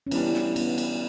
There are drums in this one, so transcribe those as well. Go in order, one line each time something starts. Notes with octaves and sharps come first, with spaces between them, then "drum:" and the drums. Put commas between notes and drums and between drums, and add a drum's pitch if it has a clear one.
C#4
E3 G3 B3 D4, drum: cymbal
drum: snare
B3, drum: cymbal
drum: cymbal